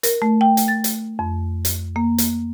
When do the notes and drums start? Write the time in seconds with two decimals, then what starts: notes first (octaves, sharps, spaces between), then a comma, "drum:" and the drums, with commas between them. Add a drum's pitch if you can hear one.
0.03 A#4, drum: hi-hat
0.22 A3
0.41 G5
0.57 drum: hi-hat
0.68 A6
0.84 drum: hi-hat
1.19 F2
1.65 drum: hi-hat
1.96 A#3
2.18 drum: hi-hat